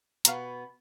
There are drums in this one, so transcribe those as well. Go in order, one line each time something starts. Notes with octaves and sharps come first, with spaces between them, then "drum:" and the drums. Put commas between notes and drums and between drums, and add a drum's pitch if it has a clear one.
B2 B3 F5 A#5, drum: hi-hat